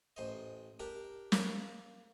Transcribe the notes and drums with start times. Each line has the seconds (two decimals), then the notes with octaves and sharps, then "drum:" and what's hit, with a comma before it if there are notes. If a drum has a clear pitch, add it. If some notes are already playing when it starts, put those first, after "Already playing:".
0.16 A1 C5 D#5
0.80 D4 G4 A#4
1.32 A#3, drum: snare